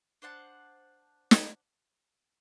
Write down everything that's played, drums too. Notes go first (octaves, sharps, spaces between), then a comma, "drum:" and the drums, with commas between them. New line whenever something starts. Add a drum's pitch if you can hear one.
D4 C5 F#5 A5
drum: snare